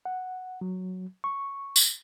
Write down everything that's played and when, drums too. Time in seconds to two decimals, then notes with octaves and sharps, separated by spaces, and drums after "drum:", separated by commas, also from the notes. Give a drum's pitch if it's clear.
0.05 F#5
0.61 F#3
1.24 C#6
1.76 drum: tambourine